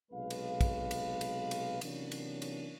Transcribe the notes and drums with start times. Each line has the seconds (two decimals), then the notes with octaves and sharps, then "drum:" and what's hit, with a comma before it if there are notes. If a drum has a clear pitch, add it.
0.12 B1 C3 G#3 B4 F5
0.30 drum: cymbal
0.61 drum: kick, cymbal
0.91 drum: cymbal
1.21 drum: cymbal
1.51 drum: cymbal
1.81 C3 E3 F#3 A#3 C#4 D4, drum: cymbal
2.12 drum: cymbal
2.42 drum: cymbal